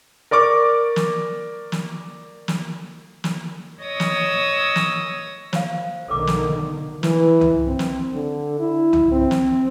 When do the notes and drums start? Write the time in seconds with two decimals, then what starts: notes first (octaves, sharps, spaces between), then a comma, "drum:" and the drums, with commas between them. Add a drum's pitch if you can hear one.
0.31 A#4 D5 C#6 D6 F6
0.96 drum: snare
1.72 drum: snare
2.48 drum: snare
3.24 drum: snare
3.84 C#5 D#5 C#6 D#6 E6
4.00 drum: snare
4.76 drum: snare
5.53 C5 F5, drum: snare
6.08 B1 D3 D#3 A4 B4 D6
6.27 drum: snare
7.03 E3, drum: snare
7.41 drum: tom C2
7.67 C4
7.79 drum: snare
8.13 D3
8.60 E4
8.93 drum: tom C2
9.12 C4
9.31 drum: snare